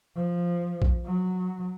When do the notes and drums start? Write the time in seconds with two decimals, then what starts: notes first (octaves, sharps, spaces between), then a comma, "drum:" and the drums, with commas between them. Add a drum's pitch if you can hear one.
0.16 F3
0.82 drum: kick A#1
1.06 F#3